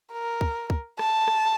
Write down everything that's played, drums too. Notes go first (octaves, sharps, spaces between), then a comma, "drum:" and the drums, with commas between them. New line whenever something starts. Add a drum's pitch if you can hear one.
A#4
drum: kick
drum: kick
A5, drum: rim click
drum: rim click